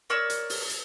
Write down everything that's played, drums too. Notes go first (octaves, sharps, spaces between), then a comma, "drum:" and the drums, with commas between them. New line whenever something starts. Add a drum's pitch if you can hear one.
A#4 C#5 D5 E6
drum: hi-hat
drum: open hi-hat
drum: hi-hat